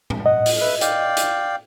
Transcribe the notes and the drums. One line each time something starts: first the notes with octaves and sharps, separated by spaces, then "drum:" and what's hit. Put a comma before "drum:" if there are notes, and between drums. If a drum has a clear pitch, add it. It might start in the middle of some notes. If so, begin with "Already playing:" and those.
drum: tom A2
D#5 F#5
drum: open hi-hat
B4 E5
D5 F5 G5, drum: hi-hat
drum: hi-hat